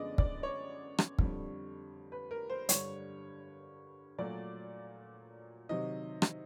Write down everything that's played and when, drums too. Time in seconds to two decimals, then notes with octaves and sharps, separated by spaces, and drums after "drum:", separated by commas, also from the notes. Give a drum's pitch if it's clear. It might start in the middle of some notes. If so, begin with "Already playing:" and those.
Already playing: F#2 D3 F3 G#3 B3 D5 D#5
0.18 D5, drum: kick
0.43 C#5
0.98 drum: rim click
1.19 F2 D3 G3, drum: kick
2.12 B4
2.31 A#4
2.50 C5
2.69 G2 D3 G3 C#5, drum: hi-hat
4.19 A#2 F#3 A3 D5
5.69 C3 D#3 F#3 D#5
6.22 drum: rim click